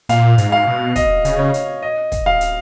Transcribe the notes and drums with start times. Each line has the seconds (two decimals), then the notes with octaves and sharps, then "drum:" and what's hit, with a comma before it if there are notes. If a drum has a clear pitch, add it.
0.09 A#2 F5, drum: hi-hat
0.38 G#2, drum: hi-hat
0.52 F5
0.67 B2
0.96 D#5, drum: kick, hi-hat
1.25 C#3, drum: hi-hat
1.39 C#5
1.54 drum: hi-hat
1.82 D#5
2.12 drum: kick, hi-hat
2.26 F5
2.41 drum: hi-hat